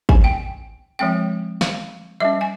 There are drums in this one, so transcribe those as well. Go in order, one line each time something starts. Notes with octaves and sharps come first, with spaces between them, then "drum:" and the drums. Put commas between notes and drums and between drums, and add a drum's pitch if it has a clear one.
G#5, drum: kick
G5
F3 G#3 C4 G5
F5, drum: snare
G3 C#4 E5
G#5